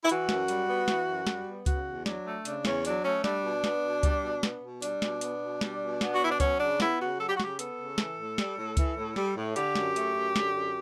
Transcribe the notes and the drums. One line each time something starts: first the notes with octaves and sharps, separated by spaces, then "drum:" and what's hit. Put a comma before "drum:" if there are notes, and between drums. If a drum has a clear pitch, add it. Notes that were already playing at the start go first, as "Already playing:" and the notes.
E4
E3 F#4, drum: hi-hat
F#2, drum: snare
G3, drum: hi-hat
B3
E3, drum: snare
F#2
G3, drum: snare
B3
C#3 F#4, drum: kick C#2, hi-hat
E2
F#3 D4, drum: snare
A3
C#3 D4, drum: hi-hat
E2 C#4, drum: snare
F#3 D4, drum: hi-hat
A3 C#4
G3 D4, drum: snare
B2
B3, drum: snare
B2
G3, drum: kick C#2, hi-hat
B2
B3, drum: snare
B2
G3 D4, drum: hi-hat
B2, drum: snare
B3, drum: hi-hat
B2
G3, drum: snare
B2
B3, drum: snare
F#4
B2 E4
D4
F#3 C#4, drum: kick C#2, hi-hat
C#3 D4
B3 E4, drum: snare
C#3 F#4
F#3 A4
G4
F#4
C#3 G4, drum: snare
B3 A4, drum: hi-hat
C#3
E3, drum: snare
A2
G3, drum: snare
A2
E3, drum: kick C#2, hi-hat
A2
G3, drum: snare
A2
D3 G4, drum: hi-hat
F#2, drum: snare
A3, drum: hi-hat
F#2
D3, drum: snare
F#2